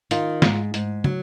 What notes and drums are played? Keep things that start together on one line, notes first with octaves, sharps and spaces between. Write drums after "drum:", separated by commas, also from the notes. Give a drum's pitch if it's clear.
D#3 F4, drum: hi-hat
G#2, drum: snare
G#2, drum: hi-hat
F#3, drum: tom